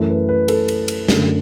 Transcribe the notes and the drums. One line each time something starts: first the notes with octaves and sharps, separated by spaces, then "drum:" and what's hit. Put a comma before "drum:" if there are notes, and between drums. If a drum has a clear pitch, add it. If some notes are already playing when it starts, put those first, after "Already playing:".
Already playing: F#2 E3 A3
B4
B4
A4, drum: cymbal
drum: cymbal
drum: cymbal
F#2 D3 A3, drum: snare